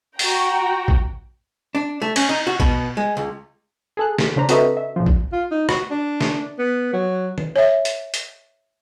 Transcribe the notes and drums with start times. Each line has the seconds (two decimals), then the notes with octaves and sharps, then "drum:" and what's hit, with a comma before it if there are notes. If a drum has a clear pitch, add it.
0.19 F#4 G5 A#5, drum: open hi-hat
0.88 drum: kick
1.75 D4
2.02 A3
2.16 C#4, drum: cymbal
2.29 D#4
2.47 F#4
2.60 B2, drum: kick
2.97 G#3
3.17 C#2
3.97 G#4 A4 F#6
4.18 B6, drum: snare
4.36 C#3 D4 C5 A#5
4.49 C4 F#4 A4 B4 D#5 E5, drum: hi-hat
4.77 E5
4.96 A#2 F3
5.06 drum: kick
5.32 F4
5.51 D#4
5.69 F#4, drum: rim click
5.91 D4
6.21 drum: snare
6.59 B3
6.93 F#3
7.38 drum: tom
7.56 C#5 E5
7.85 drum: hi-hat
8.14 drum: hi-hat